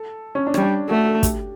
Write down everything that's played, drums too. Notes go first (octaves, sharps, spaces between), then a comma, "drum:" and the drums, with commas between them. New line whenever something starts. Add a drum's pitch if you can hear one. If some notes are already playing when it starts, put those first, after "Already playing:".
Already playing: A4
C#4
D4
G3 C#4, drum: rim click
D4
A3 F#4
A4
G4, drum: kick, hi-hat